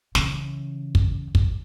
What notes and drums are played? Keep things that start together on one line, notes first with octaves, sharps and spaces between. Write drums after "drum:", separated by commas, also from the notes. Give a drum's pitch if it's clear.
C#3 E3, drum: snare
drum: kick
drum: kick